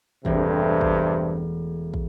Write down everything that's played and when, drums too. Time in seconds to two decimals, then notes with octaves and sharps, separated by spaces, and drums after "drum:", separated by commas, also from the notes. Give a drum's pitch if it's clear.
0.25 E1 G2 C3 A3, drum: kick
0.81 drum: kick
1.94 drum: kick